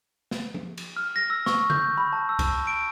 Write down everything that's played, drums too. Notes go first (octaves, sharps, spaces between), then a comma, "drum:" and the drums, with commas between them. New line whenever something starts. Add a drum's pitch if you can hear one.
drum: snare
drum: tom F3
drum: cymbal
F6
A#6
E6
C#6, drum: snare
G6, drum: tom C#3
B5
A5
E6
drum: kick C2, cymbal
D7